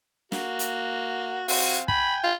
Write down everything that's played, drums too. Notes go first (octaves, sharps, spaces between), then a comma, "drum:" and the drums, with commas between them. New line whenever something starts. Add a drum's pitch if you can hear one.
A#3 F#4, drum: snare
drum: hi-hat
C4 F#4 F5, drum: open hi-hat
G5 G#5 B5, drum: kick
F4